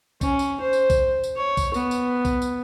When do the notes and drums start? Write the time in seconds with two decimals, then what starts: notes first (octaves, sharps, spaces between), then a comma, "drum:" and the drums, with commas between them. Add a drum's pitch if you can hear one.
0.21 C#4, drum: kick B1, tambourine
0.39 drum: tambourine
0.60 C5
0.73 drum: tambourine
0.90 drum: kick B1, tambourine
1.24 drum: tambourine
1.36 C#5
1.57 drum: kick B1, tambourine
1.74 B3, drum: tambourine
1.91 drum: tambourine
2.25 drum: kick B1, tambourine
2.42 drum: tambourine